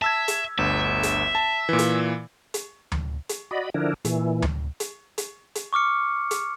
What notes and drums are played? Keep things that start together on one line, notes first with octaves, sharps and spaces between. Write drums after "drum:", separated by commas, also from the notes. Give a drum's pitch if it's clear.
E5 A5 E6 G#6
drum: hi-hat
G1 D2 E5
drum: hi-hat
A5
A#2 E3
drum: hi-hat
drum: hi-hat
drum: tom D2
drum: hi-hat
F#4 D5 D#5 B5
D3 F3 D4 E4 A#4
A#2 E3, drum: hi-hat
drum: tom D2
drum: hi-hat
drum: hi-hat
drum: hi-hat
C#6 D6 F6 C#7
drum: hi-hat